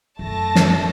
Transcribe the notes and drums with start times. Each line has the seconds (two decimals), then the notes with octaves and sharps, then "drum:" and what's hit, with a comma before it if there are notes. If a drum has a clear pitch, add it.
0.19 F#2 A3 A5 A#6
0.55 drum: snare